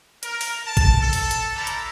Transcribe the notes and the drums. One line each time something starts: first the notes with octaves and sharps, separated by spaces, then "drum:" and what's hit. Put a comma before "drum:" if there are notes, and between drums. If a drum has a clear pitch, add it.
A#4, drum: hi-hat
drum: open hi-hat
A5
drum: kick G#1, hi-hat
A4
drum: open hi-hat
drum: hi-hat
G3 D4 E4 A4 A#5
drum: hi-hat